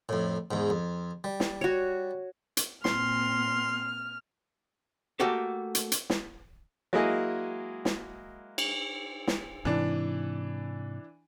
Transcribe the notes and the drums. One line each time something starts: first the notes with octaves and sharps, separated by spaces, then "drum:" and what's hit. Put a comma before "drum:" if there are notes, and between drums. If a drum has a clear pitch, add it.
F2 A2
E2 G#2
F2
G3
drum: snare
F#4 C#5
drum: hi-hat
A#2 C4 C6 F6, drum: snare
A3 A#3 F#4 G4 A4
drum: hi-hat
drum: hi-hat
drum: snare
F#3 G#3 A#3 E4 G#4 D#5
drum: snare
drum: cymbal
drum: snare
G#2 C3 E3 D4